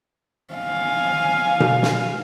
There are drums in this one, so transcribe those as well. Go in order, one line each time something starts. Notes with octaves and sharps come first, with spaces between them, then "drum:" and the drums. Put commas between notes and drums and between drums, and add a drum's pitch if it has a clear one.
F5 G#5
drum: tom B2
drum: snare